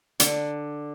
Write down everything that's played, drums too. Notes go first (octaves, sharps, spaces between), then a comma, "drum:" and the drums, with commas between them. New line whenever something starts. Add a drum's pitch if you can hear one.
D3, drum: hi-hat